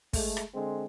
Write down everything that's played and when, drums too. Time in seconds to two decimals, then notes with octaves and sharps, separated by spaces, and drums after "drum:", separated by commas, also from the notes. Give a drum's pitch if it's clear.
0.13 G#3 A3, drum: kick, open hi-hat
0.37 drum: rim click
0.53 D3 G#3 C4